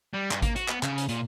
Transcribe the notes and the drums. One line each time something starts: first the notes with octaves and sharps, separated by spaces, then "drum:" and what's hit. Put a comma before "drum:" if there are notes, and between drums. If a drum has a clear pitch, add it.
G3
G2, drum: clap
A#3, drum: kick G#1, hi-hat
F#4, drum: hi-hat
B3, drum: clap
C#3, drum: clap
drum: hi-hat
A#2, drum: hi-hat